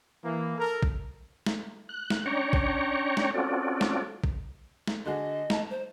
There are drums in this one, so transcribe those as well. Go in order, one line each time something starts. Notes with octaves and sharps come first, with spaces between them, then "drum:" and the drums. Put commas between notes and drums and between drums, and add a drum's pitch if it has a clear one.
E3 A#3
A4 A#4
drum: kick A1
drum: snare
F#6
drum: snare
C#4 D4 C#5 G5 A#5 C#6
drum: kick A1
drum: snare
C4 C#4 F4 F#4 A4 D5
drum: snare
drum: kick A1
drum: snare
D3 F#4 G#4 D#5
A5 A#5, drum: snare
C5